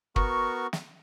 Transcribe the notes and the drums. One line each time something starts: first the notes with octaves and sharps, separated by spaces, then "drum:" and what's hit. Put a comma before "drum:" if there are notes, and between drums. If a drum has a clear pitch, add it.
B3 F#4 A#4 C#6, drum: kick
drum: snare